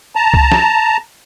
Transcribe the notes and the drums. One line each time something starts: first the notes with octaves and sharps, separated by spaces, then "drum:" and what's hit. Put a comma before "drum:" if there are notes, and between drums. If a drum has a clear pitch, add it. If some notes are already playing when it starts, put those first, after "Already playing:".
A5 A#5
drum: kick C2
drum: snare